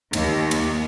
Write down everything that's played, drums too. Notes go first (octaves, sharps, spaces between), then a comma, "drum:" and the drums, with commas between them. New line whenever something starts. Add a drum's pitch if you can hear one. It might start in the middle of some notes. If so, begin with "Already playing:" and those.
D#2, drum: cymbal
drum: cymbal